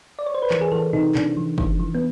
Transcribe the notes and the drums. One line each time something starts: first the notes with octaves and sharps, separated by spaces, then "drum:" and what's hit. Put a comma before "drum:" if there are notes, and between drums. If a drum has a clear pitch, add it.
D5
C#5
C5
B4
E3 A#4, drum: clap
G#4
E3 A4
C3 D#4
C3 D4, drum: clap
E3
E3, drum: kick
E3
B3